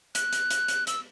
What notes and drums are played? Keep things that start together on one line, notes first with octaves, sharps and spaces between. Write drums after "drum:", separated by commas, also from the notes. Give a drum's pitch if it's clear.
F#6, drum: hi-hat
drum: hi-hat
drum: hi-hat
drum: hi-hat
E6, drum: hi-hat